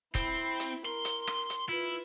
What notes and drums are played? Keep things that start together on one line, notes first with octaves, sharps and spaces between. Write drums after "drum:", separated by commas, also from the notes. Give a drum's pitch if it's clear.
C4 E4 B5, drum: kick F1, hi-hat
drum: hi-hat
A#4 C6
drum: hi-hat
drum: rim click
drum: hi-hat
E4 F4 B4